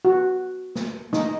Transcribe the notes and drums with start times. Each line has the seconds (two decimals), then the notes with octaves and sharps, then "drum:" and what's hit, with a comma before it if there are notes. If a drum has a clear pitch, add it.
0.05 F#4
0.75 drum: snare
1.13 D#4, drum: snare